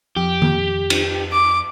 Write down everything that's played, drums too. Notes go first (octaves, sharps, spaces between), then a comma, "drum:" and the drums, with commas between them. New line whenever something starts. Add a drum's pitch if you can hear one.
F2 G4
drum: tom D#3
drum: cymbal
D6